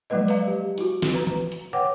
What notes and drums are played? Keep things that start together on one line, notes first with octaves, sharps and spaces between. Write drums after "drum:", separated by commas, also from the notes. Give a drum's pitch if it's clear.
F3 F#3 G#3 A#3 B4 D#5
B4 F5, drum: hi-hat
G4
E4 F#4, drum: hi-hat
drum: snare
B4 A#5
drum: tom E3
drum: hi-hat
B4 C#5 F#5 G5 D6